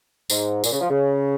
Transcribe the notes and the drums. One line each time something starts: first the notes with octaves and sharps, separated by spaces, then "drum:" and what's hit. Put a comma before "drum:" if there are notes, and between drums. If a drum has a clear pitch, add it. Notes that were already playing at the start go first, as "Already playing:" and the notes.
G#2, drum: tambourine
A#2, drum: tambourine
C#3
F3
C#3